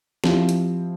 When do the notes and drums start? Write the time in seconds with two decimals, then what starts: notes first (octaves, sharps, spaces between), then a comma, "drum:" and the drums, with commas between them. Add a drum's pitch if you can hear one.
0.24 F3 C4 E4 G4, drum: snare
0.49 drum: hi-hat